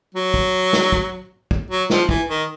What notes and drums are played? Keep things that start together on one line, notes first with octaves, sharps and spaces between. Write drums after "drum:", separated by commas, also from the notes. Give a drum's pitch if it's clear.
F#3
drum: kick
drum: snare
drum: kick
drum: kick
F#3
F3, drum: snare
E3, drum: kick
D#3